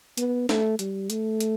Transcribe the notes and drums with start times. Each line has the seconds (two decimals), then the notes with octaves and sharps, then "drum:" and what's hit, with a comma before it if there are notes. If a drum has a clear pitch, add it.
0.17 B3, drum: hi-hat
0.49 A3, drum: snare
0.79 G3, drum: hi-hat
1.10 A3, drum: hi-hat
1.40 drum: hi-hat